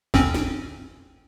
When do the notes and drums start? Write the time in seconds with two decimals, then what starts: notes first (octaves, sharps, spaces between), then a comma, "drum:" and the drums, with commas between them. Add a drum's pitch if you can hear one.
0.14 G1 C4 C#4, drum: kick C#2
0.34 drum: snare